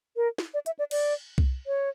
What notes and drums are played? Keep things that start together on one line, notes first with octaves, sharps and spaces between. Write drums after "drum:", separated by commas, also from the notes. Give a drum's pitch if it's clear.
A#4
drum: snare
D5
E5, drum: hi-hat
D5
D5, drum: cymbal
drum: kick C2
C#5